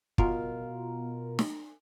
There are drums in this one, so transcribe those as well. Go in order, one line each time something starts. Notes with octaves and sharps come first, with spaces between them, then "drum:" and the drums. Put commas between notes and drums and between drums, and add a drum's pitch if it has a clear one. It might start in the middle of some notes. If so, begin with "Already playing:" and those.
B2 F4 A#4, drum: kick
drum: snare